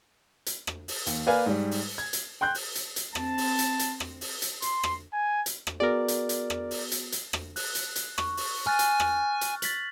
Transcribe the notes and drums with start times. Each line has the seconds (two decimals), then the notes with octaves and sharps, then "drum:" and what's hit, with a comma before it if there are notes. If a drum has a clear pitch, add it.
0.46 drum: hi-hat
0.67 drum: rim click
0.88 drum: open hi-hat
1.06 D#2, drum: hi-hat
1.27 A#3 B4 D5 F5 G#5
1.46 G#2 G3
1.71 drum: open hi-hat
1.98 G#6
2.13 drum: hi-hat
2.41 G5 C6 F#6 G6
2.55 drum: open hi-hat
2.75 drum: hi-hat
2.96 drum: hi-hat
3.15 C4 A5, drum: rim click
3.38 drum: open hi-hat
3.59 drum: hi-hat
3.79 drum: hi-hat
4.00 drum: rim click
4.21 drum: open hi-hat
4.42 drum: hi-hat
4.62 C6, drum: hi-hat
4.83 drum: rim click
5.13 G#5
5.46 drum: hi-hat
5.67 drum: rim click
5.80 B3 F#4 G#4 A#4 D5
6.08 drum: hi-hat
6.29 drum: hi-hat
6.50 drum: rim click
6.71 drum: open hi-hat
6.92 drum: hi-hat
7.12 drum: hi-hat
7.33 drum: rim click
7.56 F#6, drum: open hi-hat
7.75 drum: hi-hat
7.96 drum: hi-hat
8.18 C#6, drum: rim click
8.37 drum: open hi-hat
8.67 G#5 F6 F#6 A6
8.79 drum: hi-hat
9.00 drum: rim click
9.41 drum: hi-hat
9.62 A6 B6 F#7, drum: hi-hat